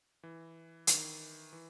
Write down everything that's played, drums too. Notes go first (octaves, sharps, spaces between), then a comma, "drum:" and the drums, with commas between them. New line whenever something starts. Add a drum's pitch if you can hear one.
E3
D#3, drum: hi-hat
E3